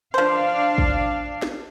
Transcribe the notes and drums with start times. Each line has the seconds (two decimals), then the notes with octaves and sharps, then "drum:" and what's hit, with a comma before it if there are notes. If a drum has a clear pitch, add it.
0.14 F3 D4 C5 F5
0.78 drum: kick
1.42 drum: snare